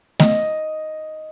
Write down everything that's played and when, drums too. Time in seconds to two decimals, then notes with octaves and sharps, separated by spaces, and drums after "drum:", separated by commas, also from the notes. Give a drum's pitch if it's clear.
0.20 D#5, drum: snare A3